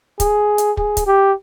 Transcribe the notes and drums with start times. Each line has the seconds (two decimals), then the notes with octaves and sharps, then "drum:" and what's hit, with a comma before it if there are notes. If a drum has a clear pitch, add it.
0.20 G#4, drum: kick, hi-hat
0.58 drum: hi-hat
0.77 G#4, drum: kick
0.97 drum: kick, hi-hat
1.07 G4